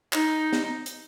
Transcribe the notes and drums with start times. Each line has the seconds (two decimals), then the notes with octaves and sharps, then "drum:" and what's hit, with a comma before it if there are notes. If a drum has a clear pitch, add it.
0.13 D#4, drum: clap
0.53 drum: snare
0.86 drum: hi-hat